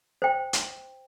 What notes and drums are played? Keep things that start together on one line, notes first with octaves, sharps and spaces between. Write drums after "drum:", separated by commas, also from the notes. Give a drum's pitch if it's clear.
C5 G5
drum: hi-hat